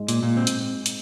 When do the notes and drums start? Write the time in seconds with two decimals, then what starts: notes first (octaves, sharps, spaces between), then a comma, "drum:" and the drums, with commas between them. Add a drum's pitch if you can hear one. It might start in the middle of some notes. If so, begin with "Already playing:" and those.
Already playing: G#2 G#3
0.08 A#2, drum: hi-hat
0.23 A#2
0.37 C4
0.47 drum: hi-hat
0.86 drum: hi-hat